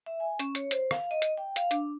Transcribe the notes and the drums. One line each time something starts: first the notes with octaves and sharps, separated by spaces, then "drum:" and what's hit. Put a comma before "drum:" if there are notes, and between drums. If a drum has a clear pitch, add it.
E5
G#5
C#4, drum: hi-hat
C#5, drum: hi-hat
C5, drum: hi-hat
F5, drum: rim click
D#5
drum: hi-hat
G5
F5, drum: hi-hat
D4, drum: hi-hat